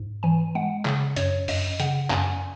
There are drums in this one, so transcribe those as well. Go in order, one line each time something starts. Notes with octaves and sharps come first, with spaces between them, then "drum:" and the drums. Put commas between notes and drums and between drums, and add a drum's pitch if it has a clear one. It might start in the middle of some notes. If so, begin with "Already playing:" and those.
Already playing: G#2
E3 G#5
G#3 F#5
C#3, drum: clap
F#2 C#5, drum: hi-hat
F#2 D#5, drum: open hi-hat
C#3 F#5, drum: hi-hat
F#2 G#5, drum: clap